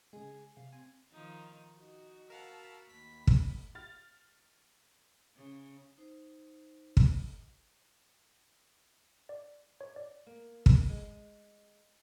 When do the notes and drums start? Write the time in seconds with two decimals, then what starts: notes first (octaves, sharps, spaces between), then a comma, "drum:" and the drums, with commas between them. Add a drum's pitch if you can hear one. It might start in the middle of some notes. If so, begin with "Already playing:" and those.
0.13 C#3 G#3 G#4
0.57 C3 F5
0.73 C4 G#5
1.11 D#3 F3 D#4
1.78 D#4 F#4
2.30 A#4 F5 F#5 A5 B5 E6
2.89 D#2 B5 B6
3.27 drum: kick
3.75 F6 A6
5.36 C#3
5.98 D#4 C5
6.97 drum: kick
9.29 D5
9.81 C#5
9.96 D5
10.26 A#3
10.66 drum: kick
10.89 G#3